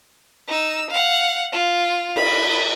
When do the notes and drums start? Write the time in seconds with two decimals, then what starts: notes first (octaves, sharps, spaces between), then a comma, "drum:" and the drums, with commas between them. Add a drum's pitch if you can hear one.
0.48 D#4 E6
0.90 F5 F#5
1.52 F4
2.16 B5, drum: cymbal